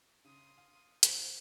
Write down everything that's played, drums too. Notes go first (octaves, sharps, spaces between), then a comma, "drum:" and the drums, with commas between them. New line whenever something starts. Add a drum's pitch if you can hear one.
C#3 C6 D#6
F5
D4 F4 C5, drum: hi-hat